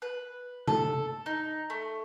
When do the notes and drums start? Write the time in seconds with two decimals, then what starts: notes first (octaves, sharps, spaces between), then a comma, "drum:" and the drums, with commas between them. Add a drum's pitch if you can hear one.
0.02 B4
0.68 A4, drum: tom C3
1.26 D#4
1.70 A3